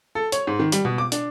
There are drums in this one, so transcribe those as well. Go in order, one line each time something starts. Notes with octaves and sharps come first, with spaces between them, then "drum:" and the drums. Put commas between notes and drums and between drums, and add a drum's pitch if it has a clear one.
A4
C#5, drum: hi-hat
G#2
D#3
G3, drum: hi-hat
B2
D6
D4, drum: hi-hat